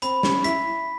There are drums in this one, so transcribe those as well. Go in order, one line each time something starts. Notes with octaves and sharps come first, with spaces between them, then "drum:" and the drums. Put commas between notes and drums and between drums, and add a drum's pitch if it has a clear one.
C4 B5, drum: hi-hat
C#4, drum: snare
E4 B6, drum: hi-hat